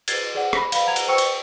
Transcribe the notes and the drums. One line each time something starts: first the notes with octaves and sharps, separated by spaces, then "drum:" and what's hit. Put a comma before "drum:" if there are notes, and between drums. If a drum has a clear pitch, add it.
G#6 A6 C7, drum: cymbal
G#4 D5 F#5
B5 A#6 B6, drum: rim click
F5 B5, drum: cymbal
F#5 A#5 G#6 F7
drum: cymbal
C5 G5 C#6 E6 C#7
drum: cymbal